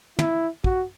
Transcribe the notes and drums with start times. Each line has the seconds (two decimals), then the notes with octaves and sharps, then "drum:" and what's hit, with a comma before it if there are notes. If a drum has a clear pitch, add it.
0.19 E4, drum: tom
0.64 F#4, drum: kick